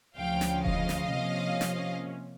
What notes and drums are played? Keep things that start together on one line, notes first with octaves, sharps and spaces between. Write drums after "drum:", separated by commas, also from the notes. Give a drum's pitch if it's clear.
D2 C#3 F3 F5 G5
drum: snare
D#5 F5, drum: kick E1
drum: snare
C3 F3 A#3 C#4
drum: snare